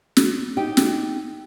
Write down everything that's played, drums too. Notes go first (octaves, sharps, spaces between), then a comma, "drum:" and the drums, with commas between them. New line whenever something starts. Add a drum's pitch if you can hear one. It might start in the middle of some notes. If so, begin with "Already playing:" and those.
drum: snare
D#4 G4
drum: snare